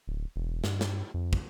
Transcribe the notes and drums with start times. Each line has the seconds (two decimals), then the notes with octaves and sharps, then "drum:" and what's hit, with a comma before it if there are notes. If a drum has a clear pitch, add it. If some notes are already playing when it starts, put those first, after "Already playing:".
0.07 D1
0.36 E1
0.64 G2, drum: snare
0.81 drum: snare
1.14 F2
1.33 drum: kick